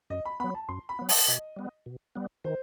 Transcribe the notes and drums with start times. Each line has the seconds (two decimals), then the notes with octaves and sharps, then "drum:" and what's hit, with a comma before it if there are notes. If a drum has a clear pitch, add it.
0.10 F#2 D#5
0.25 B5
0.40 F#3 B3 B5
0.55 A5
0.69 F#2 C6
0.89 B5
0.99 F#3 B3
1.09 A5, drum: open hi-hat
1.27 B2 D#5
1.56 G3 B3
1.86 B2
2.15 G3 B3
2.44 D#3 C5